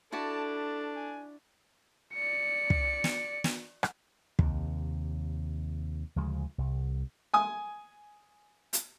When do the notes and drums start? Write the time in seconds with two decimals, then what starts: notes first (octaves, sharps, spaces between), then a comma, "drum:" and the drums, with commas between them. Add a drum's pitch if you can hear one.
0.12 D4 E4 F#4 A4 D5 A5
0.54 A5
0.96 G#5
2.14 D5 C#7
2.70 drum: kick
3.04 drum: snare
3.44 drum: snare
3.83 drum: rim click
4.39 D#2 C3, drum: kick
6.16 D2 C#3 F3 G#3
6.58 C2
7.34 G#5 D#6
8.73 drum: hi-hat